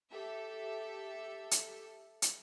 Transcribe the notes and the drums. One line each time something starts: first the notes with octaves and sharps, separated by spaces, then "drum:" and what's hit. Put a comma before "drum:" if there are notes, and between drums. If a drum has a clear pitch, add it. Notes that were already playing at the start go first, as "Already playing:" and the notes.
G4 A4 E5
drum: hi-hat
drum: hi-hat